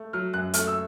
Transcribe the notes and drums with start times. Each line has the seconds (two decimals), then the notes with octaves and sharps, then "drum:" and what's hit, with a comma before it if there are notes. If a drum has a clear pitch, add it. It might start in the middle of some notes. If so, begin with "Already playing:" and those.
Already playing: A3
0.13 F#3 F6
0.34 F#2 F#6
0.54 A3 F6, drum: hi-hat
0.67 E6